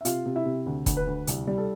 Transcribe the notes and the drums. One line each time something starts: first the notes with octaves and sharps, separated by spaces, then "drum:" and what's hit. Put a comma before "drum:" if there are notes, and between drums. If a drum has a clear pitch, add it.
E5
C3 F4 F5, drum: hi-hat
C3
E4 E5
C3
D2
D2, drum: kick, hi-hat
B4
D2
C2, drum: hi-hat
G3
A4